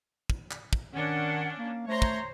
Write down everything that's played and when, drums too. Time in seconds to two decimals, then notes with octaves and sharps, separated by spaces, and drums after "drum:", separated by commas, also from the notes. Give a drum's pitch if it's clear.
0.30 drum: kick
0.51 drum: clap
0.73 drum: kick
0.94 D#3 C#4 D4 F#5
1.58 A#3
1.88 A3 C5 C#5 A#5 C6
2.02 drum: kick